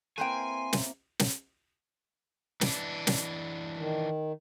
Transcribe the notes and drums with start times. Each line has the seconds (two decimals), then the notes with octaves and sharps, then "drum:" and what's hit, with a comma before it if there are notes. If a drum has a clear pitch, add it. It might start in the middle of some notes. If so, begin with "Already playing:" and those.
0.18 A#3 C4 E4 B4 C5 G5 G#5 C6
0.73 drum: snare
1.19 drum: snare
2.61 E3 D4, drum: snare
3.07 drum: snare
3.77 D#3